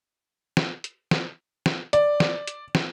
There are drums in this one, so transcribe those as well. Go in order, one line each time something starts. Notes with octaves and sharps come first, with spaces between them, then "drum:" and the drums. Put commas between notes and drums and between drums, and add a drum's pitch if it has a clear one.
drum: snare
drum: hi-hat
drum: snare
drum: snare
D5, drum: hi-hat
drum: snare
drum: hi-hat
drum: snare